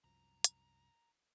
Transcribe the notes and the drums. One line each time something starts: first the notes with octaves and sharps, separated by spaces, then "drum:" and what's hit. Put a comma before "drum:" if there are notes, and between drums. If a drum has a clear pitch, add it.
C2 F#2 F3 A#5
drum: hi-hat